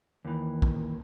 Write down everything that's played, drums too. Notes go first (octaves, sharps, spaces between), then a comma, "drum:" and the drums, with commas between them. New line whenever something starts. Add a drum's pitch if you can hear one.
D#2 E3
drum: kick